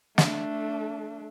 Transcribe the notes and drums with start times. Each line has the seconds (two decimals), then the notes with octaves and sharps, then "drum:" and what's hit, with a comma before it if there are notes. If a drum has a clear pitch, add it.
0.18 A3 D4, drum: snare